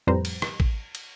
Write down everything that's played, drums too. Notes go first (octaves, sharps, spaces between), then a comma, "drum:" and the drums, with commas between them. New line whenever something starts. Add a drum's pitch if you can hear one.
F2 A2 G3 B4 C5 A#5
drum: cymbal
drum: rim click
drum: kick
drum: cymbal